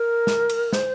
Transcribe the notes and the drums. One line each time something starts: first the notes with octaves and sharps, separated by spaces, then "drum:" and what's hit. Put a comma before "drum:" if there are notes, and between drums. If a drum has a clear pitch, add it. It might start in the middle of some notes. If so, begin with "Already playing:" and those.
Already playing: A#4
drum: snare
drum: cymbal
C5, drum: snare